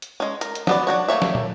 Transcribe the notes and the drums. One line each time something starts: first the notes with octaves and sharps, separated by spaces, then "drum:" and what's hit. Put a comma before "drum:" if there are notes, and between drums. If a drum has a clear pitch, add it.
drum: hi-hat
G#3 C#4
A#4, drum: hi-hat
drum: hi-hat
F#3 B3 D5, drum: snare
D4 F#4 C#5
A3 A#3 C#5 E5
drum: snare
drum: tom